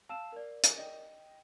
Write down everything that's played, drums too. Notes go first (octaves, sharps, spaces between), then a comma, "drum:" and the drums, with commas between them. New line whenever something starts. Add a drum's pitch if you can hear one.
F5 A5 E6 E7
A#4 D5
drum: hi-hat
D#5 G5